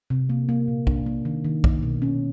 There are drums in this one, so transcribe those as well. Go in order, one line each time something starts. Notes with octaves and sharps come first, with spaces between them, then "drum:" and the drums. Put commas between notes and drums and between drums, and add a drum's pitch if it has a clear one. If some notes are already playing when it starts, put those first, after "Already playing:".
C3
A#3
A#3
A#2
D4, drum: kick B1
A#3
D#3
D#3
A#3, drum: kick B1
B2
C#4